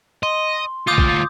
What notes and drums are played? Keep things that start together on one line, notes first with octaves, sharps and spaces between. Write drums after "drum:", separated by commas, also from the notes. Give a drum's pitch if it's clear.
D#5 C6
D2 F4 D6 D#6 G6
drum: kick